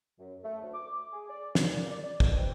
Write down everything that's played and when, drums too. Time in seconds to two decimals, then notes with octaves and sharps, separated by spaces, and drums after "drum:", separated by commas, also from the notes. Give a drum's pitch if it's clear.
0.19 F#2
0.43 A3
0.61 D2
0.74 D6
1.13 G#4
1.30 D5
1.55 C#3, drum: snare
1.72 A#2
1.90 D5
2.03 D5
2.20 B2, drum: kick
2.37 C4